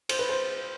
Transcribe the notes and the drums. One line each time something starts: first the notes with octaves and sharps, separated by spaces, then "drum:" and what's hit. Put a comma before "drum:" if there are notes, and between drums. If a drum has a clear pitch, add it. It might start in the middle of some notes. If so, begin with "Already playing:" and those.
C5, drum: cymbal
B4
C5